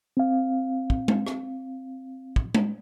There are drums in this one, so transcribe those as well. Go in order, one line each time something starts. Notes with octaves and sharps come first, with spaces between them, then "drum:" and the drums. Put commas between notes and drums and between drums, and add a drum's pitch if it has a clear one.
C4 F5
drum: kick
drum: tom
drum: rim click
drum: kick
drum: tom